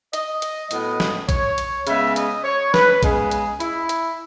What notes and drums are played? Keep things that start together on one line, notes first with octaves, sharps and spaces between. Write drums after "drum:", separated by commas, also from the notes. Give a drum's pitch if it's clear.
D#5, drum: hi-hat
drum: hi-hat
A2 F#3 B3 D#5, drum: hi-hat
drum: snare
C#5, drum: kick A#1, hi-hat
drum: hi-hat
C#3 G#3 B3 E5, drum: hi-hat
D#5, drum: hi-hat
C#5
B4, drum: snare
C#3 G#3 B3 G#4, drum: kick A#1, hi-hat
drum: hi-hat
E4, drum: hi-hat
drum: hi-hat